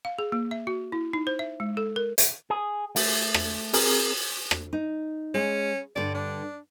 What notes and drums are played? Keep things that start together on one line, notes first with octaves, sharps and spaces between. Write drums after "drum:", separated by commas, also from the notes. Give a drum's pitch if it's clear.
F5
G#4
A#3
E5
F#4
E4
D#4
C5
E5
G#3
A4
A#4
drum: hi-hat
G#4
A3, drum: open hi-hat
drum: rim click
C4 G#4 A#4, drum: open hi-hat
drum: rim click
D#4
G#3 C#4
G2 D3 D5
D4